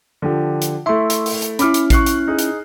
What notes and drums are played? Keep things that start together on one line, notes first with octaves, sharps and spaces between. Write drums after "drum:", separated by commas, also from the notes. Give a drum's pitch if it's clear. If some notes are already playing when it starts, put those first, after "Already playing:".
D3 F3 G4
drum: hi-hat
A3 E4 E5 C6 C#6
drum: hi-hat
drum: open hi-hat
drum: hi-hat
C#4 E4 B5 D6 F6, drum: hi-hat
drum: hi-hat
C#6 F#6 C7, drum: kick A1, hi-hat
drum: hi-hat
D#4 G#4
drum: hi-hat